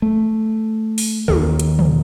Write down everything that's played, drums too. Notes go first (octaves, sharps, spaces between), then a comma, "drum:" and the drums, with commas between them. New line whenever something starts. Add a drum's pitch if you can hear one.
A3
drum: open hi-hat
D#2 D#3, drum: tom
drum: hi-hat
drum: tom